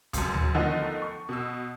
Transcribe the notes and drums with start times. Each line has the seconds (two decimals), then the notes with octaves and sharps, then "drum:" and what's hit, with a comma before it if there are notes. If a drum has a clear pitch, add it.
0.13 C#2 F#2, drum: kick, hi-hat
0.34 drum: tom D2
0.54 D3 D#3 F3 A3 B3 D#4
1.02 C#6
1.29 B2 E6